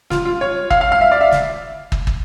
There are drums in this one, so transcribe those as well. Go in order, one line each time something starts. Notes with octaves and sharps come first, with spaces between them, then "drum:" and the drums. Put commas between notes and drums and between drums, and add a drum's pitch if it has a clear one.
F4, drum: snare
F4
C#5
F5, drum: kick
F5
F5
E5
D5
E5
drum: snare
drum: kick
drum: kick